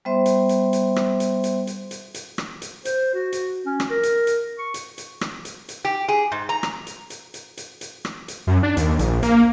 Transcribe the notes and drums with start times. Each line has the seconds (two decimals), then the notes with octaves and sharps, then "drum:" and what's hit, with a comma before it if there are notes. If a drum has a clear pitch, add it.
0.05 G3 B3 C5 E5 C6
0.26 drum: hi-hat
0.49 drum: hi-hat
0.73 drum: hi-hat
0.96 drum: rim click
1.20 drum: hi-hat
1.44 drum: hi-hat
1.67 drum: hi-hat
1.91 drum: hi-hat
2.14 drum: hi-hat
2.38 drum: rim click
2.62 drum: hi-hat
2.85 C5, drum: hi-hat
3.14 F#4
3.32 drum: hi-hat
3.66 C#4
3.80 drum: rim click
3.90 A#4
4.03 drum: hi-hat
4.27 drum: hi-hat
4.59 C#6
4.74 drum: hi-hat
4.98 drum: hi-hat
5.21 drum: rim click
5.45 drum: hi-hat
5.69 drum: hi-hat
5.85 G4
6.08 G#4
6.32 G#2
6.49 A#5
6.63 drum: rim click
6.87 drum: hi-hat
7.10 drum: hi-hat
7.34 drum: hi-hat
7.57 drum: hi-hat
7.81 drum: hi-hat
8.05 drum: rim click
8.28 drum: hi-hat
8.47 F#2
8.63 D4
8.77 D#2, drum: hi-hat
8.99 A#1, drum: hi-hat
9.23 A#3, drum: hi-hat